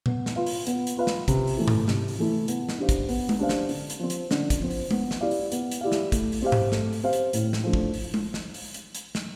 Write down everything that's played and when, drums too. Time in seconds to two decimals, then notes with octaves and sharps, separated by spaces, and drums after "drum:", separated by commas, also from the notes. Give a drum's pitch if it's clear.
0.06 B3, drum: tom A#2
0.26 drum: snare
0.36 F4 B4 F5
0.46 drum: open hi-hat
0.67 B3, drum: hi-hat
0.87 drum: hi-hat
0.97 F4 B4 F5
1.07 drum: snare
1.28 C3, drum: kick, hi-hat
1.47 drum: open hi-hat
1.57 E3 A3 E4
1.68 drum: tom G#2
1.88 C3, drum: snare
2.08 drum: open hi-hat
2.18 E3 A3 E4
2.48 B3, drum: hi-hat
2.69 drum: snare
2.78 D4 G4 C5 F5
2.89 drum: kick, hi-hat
3.09 B3, drum: open hi-hat
3.29 drum: tom G#3
3.39 D4 G4 C5 F5
3.49 drum: snare
3.69 D3, drum: open hi-hat
3.90 drum: hi-hat
3.99 F3 C4
4.10 drum: hi-hat
4.31 D3, drum: snare
4.50 drum: kick, hi-hat
4.60 F3 C4
4.71 drum: open hi-hat
4.91 B3, drum: tom G#3
5.11 drum: snare
5.21 E4 G4 D5 F5
5.31 drum: open hi-hat
5.52 B3, drum: hi-hat
5.71 drum: hi-hat
5.81 E4 G4 D5 F5
5.92 drum: snare
6.12 A3, drum: kick, hi-hat
6.32 drum: open hi-hat
6.42 C4 G4 C5 F5
6.52 drum: tom G#2
6.72 A3, drum: snare
6.93 drum: open hi-hat
7.03 C4 G4 C5 F5
7.13 drum: hi-hat
7.33 A2, drum: hi-hat
7.53 drum: snare
7.64 F3 A3 D4
7.73 drum: kick
7.94 drum: open hi-hat
8.14 drum: tom G#3
8.34 drum: snare
8.54 drum: open hi-hat
8.74 drum: hi-hat
8.95 drum: hi-hat
9.15 drum: snare